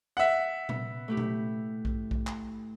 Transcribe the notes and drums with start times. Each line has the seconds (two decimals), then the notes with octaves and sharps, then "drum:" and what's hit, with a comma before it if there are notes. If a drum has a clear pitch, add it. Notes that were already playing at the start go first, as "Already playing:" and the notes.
0.17 E5 F#5
0.69 B3, drum: tom A#2
1.08 A3 E4 G4
1.17 drum: tom A#2
1.85 drum: kick A#1
2.11 drum: kick A#1
2.27 drum: clap